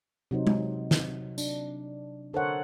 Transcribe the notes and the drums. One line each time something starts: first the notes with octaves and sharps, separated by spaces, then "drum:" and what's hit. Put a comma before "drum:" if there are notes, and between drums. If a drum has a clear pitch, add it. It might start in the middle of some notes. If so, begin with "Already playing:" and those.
C3 F#3 D#4 C5
drum: tom G#3
drum: snare
D4, drum: tambourine
D3 A4 A#4 C5 C#5 F#5